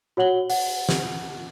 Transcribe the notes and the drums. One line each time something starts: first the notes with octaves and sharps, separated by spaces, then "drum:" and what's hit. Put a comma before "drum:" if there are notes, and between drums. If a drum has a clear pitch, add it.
F#4 C#5 F#5 F#7 G7
F#5, drum: open hi-hat
drum: snare